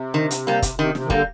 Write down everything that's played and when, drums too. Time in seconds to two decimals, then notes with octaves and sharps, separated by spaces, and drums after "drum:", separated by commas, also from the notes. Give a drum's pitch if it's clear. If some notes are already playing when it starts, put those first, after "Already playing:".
Already playing: C3
0.14 D#3
0.31 drum: hi-hat
0.47 G3 A#3
0.62 drum: kick, hi-hat
0.79 C3 D#3
0.95 C3, drum: snare
1.05 D#3
1.10 D3 G3 A#3, drum: kick